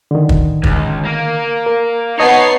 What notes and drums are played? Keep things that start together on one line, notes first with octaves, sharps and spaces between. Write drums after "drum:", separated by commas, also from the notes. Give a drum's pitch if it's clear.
D3 D#3
drum: kick
C#2, drum: kick
A#3
A#4
B3 D#4 C#5 D#5 A5 C7